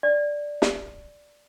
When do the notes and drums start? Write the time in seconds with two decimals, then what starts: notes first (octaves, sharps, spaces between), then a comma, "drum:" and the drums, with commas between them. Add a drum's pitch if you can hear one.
0.03 D5
0.62 drum: snare